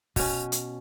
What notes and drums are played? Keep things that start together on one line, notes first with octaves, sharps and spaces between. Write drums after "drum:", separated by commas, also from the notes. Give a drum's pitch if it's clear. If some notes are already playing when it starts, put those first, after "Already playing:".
B2 C#4, drum: kick, open hi-hat
drum: hi-hat